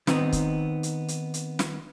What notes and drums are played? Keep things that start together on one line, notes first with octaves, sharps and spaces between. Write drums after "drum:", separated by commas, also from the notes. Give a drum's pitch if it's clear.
D#3 B3 C4 D#4, drum: snare
drum: kick, hi-hat
drum: hi-hat
drum: hi-hat
drum: hi-hat
drum: snare